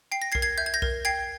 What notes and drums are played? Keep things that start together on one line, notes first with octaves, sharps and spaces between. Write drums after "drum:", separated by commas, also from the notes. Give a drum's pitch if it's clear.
G5 C7
A#6
G#6 C7
A#4, drum: kick
G#6 C7
E5 G6
G#6
G6 A#6
A#4, drum: kick
G5 G#6 C7